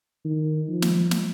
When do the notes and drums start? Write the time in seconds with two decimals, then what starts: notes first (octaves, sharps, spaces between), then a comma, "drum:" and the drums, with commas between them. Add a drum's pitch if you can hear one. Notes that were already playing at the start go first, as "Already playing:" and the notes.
0.24 D#3
0.68 F3
0.82 drum: snare
1.11 drum: snare